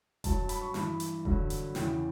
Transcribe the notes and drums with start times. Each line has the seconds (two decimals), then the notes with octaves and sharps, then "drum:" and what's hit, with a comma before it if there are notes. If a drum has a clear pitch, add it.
0.24 G2 F#3 A5, drum: kick E1, hi-hat
0.49 B5, drum: hi-hat
0.61 C#6
0.74 G2 E3 B5, drum: snare
1.00 drum: hi-hat
1.25 G2 D3 F#3, drum: kick E1
1.50 drum: hi-hat
1.75 E2 C#3 E3 G5, drum: snare